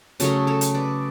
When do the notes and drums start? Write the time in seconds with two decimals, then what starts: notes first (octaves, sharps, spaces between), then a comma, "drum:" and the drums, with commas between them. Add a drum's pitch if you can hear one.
0.20 C#3 F#3 A3 A4 C#5, drum: hi-hat
0.47 A4 C#5
0.61 drum: hi-hat
0.75 B4 D5